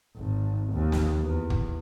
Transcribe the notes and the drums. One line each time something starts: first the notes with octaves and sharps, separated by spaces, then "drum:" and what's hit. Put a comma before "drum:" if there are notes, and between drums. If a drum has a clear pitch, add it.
G#1
D#2
drum: snare
E2
drum: kick